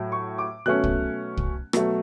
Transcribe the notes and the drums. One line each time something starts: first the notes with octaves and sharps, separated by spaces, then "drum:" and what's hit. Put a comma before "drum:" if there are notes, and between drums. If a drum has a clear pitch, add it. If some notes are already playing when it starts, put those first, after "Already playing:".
Already playing: A2 F#3
C#6
D6
B2 F#3 A3 C#4 F#6
drum: kick
drum: kick
B2 F#3 A3, drum: rim click